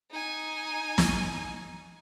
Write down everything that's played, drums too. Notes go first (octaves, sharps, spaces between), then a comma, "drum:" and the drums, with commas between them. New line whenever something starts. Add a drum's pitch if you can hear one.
D#4 G#5
drum: snare